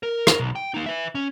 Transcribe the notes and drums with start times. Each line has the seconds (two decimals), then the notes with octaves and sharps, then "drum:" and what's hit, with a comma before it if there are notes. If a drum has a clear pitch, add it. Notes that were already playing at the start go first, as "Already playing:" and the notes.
0.03 A#4
0.27 drum: rim click
0.40 B1
0.55 G5
0.74 A#3 D#4
0.86 B4 E5
1.15 C#4